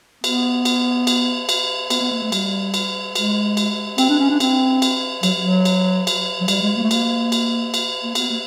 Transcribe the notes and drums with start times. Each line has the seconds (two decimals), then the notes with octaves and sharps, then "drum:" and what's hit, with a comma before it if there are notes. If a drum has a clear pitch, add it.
0.24 B3, drum: cymbal
0.65 drum: cymbal
1.07 drum: cymbal
1.49 drum: cymbal
1.90 B3, drum: cymbal
2.01 B3
2.11 A#3
2.22 A3
2.32 G3, drum: cymbal
2.74 drum: cymbal
3.15 G#3, drum: cymbal
3.57 drum: cymbal
3.98 C4, drum: cymbal
4.09 D4
4.20 C#4
4.30 D4
4.40 C4, drum: cymbal
4.82 drum: cymbal
5.23 F#3, drum: cymbal
5.40 F#3
5.65 drum: cymbal
6.07 drum: cymbal
6.41 F#3
6.48 G3, drum: cymbal
6.62 G#3
6.76 A#3
6.83 A3
6.91 A#3, drum: cymbal
7.32 drum: cymbal
7.74 drum: cymbal
8.03 A#3
8.15 B3, drum: cymbal
8.30 A#3